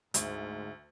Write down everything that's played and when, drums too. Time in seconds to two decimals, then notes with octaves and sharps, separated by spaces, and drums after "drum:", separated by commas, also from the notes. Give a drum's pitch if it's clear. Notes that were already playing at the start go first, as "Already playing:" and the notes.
0.14 D2 G#2, drum: hi-hat